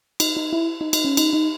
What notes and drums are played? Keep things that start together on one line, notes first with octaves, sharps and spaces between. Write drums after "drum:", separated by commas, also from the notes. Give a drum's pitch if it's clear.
D#4, drum: cymbal
D#4
E4
D#4
D#4, drum: cymbal
C#4
D#4, drum: cymbal
D#4